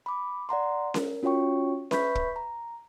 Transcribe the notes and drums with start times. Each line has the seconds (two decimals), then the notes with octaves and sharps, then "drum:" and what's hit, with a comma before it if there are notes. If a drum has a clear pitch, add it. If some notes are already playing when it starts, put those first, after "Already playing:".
0.06 B5 D6
0.49 D5 F#5 A#5 C6
0.94 A#4, drum: snare C#4
1.23 C#4 F4 F#4 C#5 G5 C#6
1.91 B4 E5 B5 C#6 G6 B6, drum: snare C#4
2.15 drum: kick
2.36 A#5